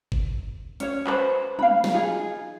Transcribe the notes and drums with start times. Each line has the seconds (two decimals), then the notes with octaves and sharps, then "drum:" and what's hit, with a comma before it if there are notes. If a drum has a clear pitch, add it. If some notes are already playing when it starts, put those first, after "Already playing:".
0.12 drum: kick G1
0.80 C#4 C#5, drum: hi-hat
1.07 B4 C5, drum: clap
1.59 F5 B5, drum: tom
1.84 drum: snare
1.94 D#4 F4 G#4